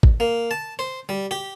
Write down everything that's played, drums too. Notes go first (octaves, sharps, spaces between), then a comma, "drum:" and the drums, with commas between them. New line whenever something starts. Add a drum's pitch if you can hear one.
drum: kick G#1
A#3
A5
C5
G3
G4